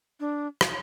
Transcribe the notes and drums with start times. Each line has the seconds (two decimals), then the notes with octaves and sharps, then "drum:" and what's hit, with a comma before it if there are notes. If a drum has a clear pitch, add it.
0.20 D4
0.61 drum: rim click